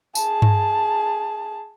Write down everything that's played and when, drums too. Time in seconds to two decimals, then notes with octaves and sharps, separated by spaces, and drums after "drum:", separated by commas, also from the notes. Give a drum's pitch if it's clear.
0.15 G#4 A5, drum: tambourine
0.42 drum: tom G2